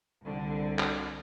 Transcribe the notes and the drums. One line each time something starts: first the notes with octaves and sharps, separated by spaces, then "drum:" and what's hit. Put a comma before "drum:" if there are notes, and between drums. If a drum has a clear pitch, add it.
C2 D3
drum: clap